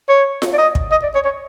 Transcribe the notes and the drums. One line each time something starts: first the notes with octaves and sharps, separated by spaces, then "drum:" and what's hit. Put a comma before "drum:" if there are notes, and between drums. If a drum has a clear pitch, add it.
C#5
drum: snare F4
D5
D#5
drum: kick
D#5
D5
C#5
C#5